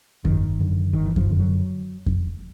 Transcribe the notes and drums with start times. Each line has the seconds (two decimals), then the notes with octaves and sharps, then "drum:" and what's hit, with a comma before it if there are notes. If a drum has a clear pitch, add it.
0.25 G1 D#3, drum: kick F2
0.59 F#2 D3
0.93 G1 D#3
1.06 E3
1.16 F3, drum: kick F2
1.26 F#2 D3
1.38 F#3
2.06 drum: kick F2